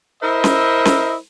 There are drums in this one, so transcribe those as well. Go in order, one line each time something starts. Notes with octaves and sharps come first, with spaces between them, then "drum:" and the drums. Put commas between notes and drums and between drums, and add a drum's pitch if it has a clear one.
E4 A#4 C5 D#5 E5
drum: snare C#4
drum: snare C#4